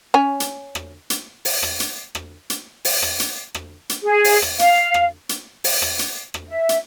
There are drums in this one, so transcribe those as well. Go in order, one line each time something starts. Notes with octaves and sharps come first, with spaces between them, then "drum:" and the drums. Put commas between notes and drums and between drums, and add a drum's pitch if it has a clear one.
C#4 C#5 G#5
drum: hi-hat
drum: rim click
drum: hi-hat
drum: open hi-hat
drum: rim click
drum: hi-hat
drum: rim click
drum: hi-hat
drum: open hi-hat
drum: rim click
drum: hi-hat
drum: rim click
drum: hi-hat
G#4
drum: open hi-hat
drum: rim click
F5, drum: hi-hat
drum: rim click
drum: hi-hat
drum: open hi-hat
drum: rim click
drum: hi-hat
drum: rim click
E5
drum: hi-hat